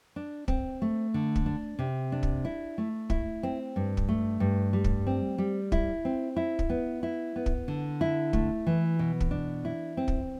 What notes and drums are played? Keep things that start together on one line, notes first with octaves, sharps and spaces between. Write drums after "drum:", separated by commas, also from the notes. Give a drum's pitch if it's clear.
D4
C4, drum: kick
A3
D3
drum: kick
D4
C3
D4
drum: kick
E4
A3
E4, drum: kick
C4
G2
drum: kick
A3
G2
G3
drum: kick
C4
G3
E4, drum: kick
C4
E4
drum: kick
B3
E4
B3
drum: kick
D3
E4
A3, drum: kick
E3
B2
drum: kick
D4
E4
C4
drum: kick